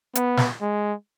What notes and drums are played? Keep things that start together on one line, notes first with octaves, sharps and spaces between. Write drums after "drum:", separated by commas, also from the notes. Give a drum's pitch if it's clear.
B3, drum: hi-hat
drum: snare
G#3